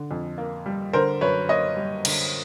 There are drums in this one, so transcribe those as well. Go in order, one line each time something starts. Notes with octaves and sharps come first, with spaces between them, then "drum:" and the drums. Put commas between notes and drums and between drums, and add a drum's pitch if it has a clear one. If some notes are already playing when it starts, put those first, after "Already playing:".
Already playing: D3
F2
A#3
G3
D3 A#4 C5
F#2 B4 C#5
A#3 C#5 D#5
G3
D3, drum: cymbal